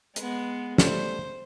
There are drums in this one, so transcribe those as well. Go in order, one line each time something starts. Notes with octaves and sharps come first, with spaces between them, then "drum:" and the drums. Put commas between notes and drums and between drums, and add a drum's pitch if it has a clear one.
G#3 B3, drum: hi-hat
G3 A3 C5, drum: snare